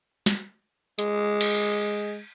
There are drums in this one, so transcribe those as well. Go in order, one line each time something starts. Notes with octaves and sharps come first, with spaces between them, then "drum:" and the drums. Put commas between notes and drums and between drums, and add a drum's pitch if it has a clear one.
drum: snare
G#3, drum: hi-hat
drum: cymbal